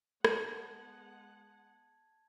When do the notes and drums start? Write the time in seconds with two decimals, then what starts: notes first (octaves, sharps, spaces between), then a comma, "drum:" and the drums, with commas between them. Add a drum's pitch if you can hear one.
0.25 G#3 B3 F#5 A5 G#6 D#7, drum: rim click